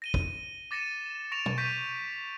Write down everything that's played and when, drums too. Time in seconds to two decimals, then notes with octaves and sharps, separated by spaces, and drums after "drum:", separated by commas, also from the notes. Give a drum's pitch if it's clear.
0.02 A#6 D#7 G7
0.14 drum: kick
0.71 D6 A6 A#6 C#7 D#7 E7
1.32 C#6 A#6 D7 E7 F7
1.46 drum: tom
1.58 C#6 G6 A#6 B6 D7 D#7